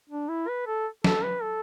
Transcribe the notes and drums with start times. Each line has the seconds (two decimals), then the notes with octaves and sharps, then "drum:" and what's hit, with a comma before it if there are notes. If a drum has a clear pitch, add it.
0.10 D4
0.29 E4
0.48 B4
0.67 A4
1.04 A4, drum: snare
1.24 B4
1.43 A4